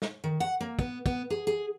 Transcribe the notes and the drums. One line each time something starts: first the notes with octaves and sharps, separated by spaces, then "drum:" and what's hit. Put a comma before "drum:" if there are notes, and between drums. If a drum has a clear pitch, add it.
drum: snare
D#3
F#5
A#3
B3, drum: kick
B3, drum: kick
G#4
G#4